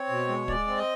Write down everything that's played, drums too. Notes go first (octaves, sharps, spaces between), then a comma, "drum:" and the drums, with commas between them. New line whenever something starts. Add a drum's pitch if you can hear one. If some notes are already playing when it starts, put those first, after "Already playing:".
Already playing: C4 C#5
B2
G#3
G#3 D5, drum: kick
C4
D#5